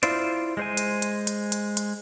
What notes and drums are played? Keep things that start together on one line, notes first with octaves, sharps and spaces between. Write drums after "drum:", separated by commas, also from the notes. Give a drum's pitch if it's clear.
E4 F4 C5 D5, drum: hi-hat
G#3 C5 G#5
drum: hi-hat
drum: hi-hat
drum: hi-hat
drum: hi-hat
drum: hi-hat